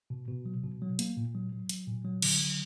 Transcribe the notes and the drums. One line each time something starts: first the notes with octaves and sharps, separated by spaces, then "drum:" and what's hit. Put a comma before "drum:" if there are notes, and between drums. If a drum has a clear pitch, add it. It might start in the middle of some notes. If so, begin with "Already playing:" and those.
B2
B2
F#3
B2
F#3
A#3, drum: hi-hat
A#2
F#3
F#3
F#3, drum: hi-hat
A#2
F#3
D3, drum: cymbal
F#3